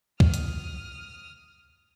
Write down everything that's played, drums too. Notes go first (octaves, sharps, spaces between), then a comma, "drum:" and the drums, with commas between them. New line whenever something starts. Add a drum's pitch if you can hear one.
D#6 F6, drum: kick
drum: hi-hat